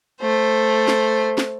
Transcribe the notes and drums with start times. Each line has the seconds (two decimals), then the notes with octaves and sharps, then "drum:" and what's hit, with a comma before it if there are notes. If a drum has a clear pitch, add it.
0.21 A3 C5
0.88 drum: snare
1.38 drum: snare